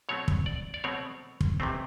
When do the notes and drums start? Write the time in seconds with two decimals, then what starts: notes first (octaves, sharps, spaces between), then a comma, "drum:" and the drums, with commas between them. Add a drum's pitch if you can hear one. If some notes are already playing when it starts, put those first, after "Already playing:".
0.09 B2 F#3 A3 C4 C#5
0.28 drum: kick
0.46 D5
0.74 D5
0.84 B2 F#3 A3 C4 C#5
1.41 drum: kick
1.60 C3 E3 A3 C4